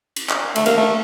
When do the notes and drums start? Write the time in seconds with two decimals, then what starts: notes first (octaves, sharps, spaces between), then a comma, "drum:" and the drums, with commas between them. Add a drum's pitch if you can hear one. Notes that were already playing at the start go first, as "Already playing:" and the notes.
0.16 drum: cymbal
0.29 drum: clap
0.56 A3, drum: cymbal
0.66 A#3, drum: cymbal
0.77 A3